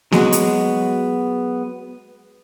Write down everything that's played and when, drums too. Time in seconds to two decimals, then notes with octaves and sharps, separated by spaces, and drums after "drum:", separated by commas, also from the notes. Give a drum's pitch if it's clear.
0.12 F#3 G#3 B3 F#4, drum: snare A#3
0.32 drum: hi-hat